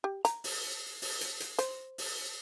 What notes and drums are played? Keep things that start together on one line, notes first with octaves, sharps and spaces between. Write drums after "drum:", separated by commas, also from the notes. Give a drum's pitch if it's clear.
G4
A#5, drum: hi-hat
drum: open hi-hat
drum: open hi-hat
drum: hi-hat
drum: hi-hat
C5, drum: hi-hat
drum: open hi-hat